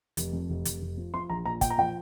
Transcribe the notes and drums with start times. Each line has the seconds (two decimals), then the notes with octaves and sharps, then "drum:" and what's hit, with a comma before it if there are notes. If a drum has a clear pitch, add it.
0.17 F1, drum: hi-hat
0.33 F2
0.50 F1
0.65 F1, drum: hi-hat
0.82 F1
0.97 F3
1.14 F3 C6
1.29 A#1 A#5
1.45 A#2 A#5
1.61 A#2 G5, drum: kick, hi-hat
1.70 A#5
1.78 F3 G5